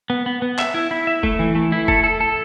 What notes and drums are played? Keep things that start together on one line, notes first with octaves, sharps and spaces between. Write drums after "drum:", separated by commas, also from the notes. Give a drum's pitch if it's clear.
B3
B3
B3
E5, drum: clap
E4
E4
E5
A3, drum: kick F1
E3
A3
E4
A4, drum: kick F1
A4
A4